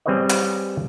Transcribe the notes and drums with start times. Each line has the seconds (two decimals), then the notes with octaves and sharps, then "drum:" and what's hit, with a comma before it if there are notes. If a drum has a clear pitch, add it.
0.06 G3 C4 G#4 B4 C#5 D#5
0.29 drum: hi-hat